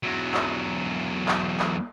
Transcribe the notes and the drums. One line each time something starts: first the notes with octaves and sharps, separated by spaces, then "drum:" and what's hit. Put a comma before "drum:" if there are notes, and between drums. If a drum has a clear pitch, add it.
E2 F#3
drum: clap
drum: clap
drum: clap